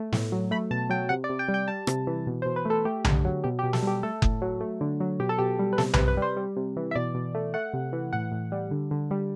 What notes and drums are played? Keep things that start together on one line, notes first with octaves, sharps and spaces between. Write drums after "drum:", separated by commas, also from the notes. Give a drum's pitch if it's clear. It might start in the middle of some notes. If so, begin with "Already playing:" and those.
Already playing: A3
A2, drum: snare
F#3
A3 B5
B2 A5
F#3 G5
C3 F#5
D5
C3
G5
G3
G5
G3 A5
C3, drum: rim click
E3
B2
C5
B2
B4
A3 A4
A3 G4
D3, drum: tom B1
F#3
B2 G4
G4
B2
A4, drum: snare
G3 G4
A3 A4
A2, drum: kick F#1
F#3
A3
D3
F#3
B2 G4
A4
B2 G4
G3
B4
C3 A4, drum: snare
B4, drum: tom B1
C3
B4
G3 C5
G3
C3
E3
E5
B2 D5
B2
A3
A3 F#5
C3
E3
A2 F#5
A2
G3
D3
D3
G3